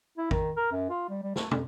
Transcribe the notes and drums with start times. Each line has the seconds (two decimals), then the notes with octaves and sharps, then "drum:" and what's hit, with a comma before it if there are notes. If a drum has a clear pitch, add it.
0.18 E4
0.31 D#3, drum: kick
0.56 A#4
0.72 F#2
0.90 F4
1.09 G3
1.23 G3
1.36 A3, drum: snare
1.51 F2, drum: tom